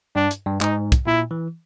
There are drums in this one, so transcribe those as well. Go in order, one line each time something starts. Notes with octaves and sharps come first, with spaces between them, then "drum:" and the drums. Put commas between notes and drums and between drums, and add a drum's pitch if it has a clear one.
G2 D4
drum: hi-hat
G2
G#2 D#4, drum: clap
drum: kick, hi-hat
A#2 E4
E3